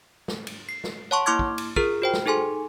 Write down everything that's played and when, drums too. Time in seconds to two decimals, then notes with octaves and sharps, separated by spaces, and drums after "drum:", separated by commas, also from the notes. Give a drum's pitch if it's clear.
0.28 drum: snare
0.47 drum: cymbal
0.69 C7
0.84 drum: snare
1.11 C#5 F#5 A5 C6 C#6
1.26 A#3 E4 C6 D6 F6 G#6
1.39 drum: kick
1.58 drum: cymbal
1.76 F4 G#4 A#4 F6, drum: kick
2.02 F#4 C5 G5
2.13 drum: snare
2.26 D#4 G#4 A4 G#5 C6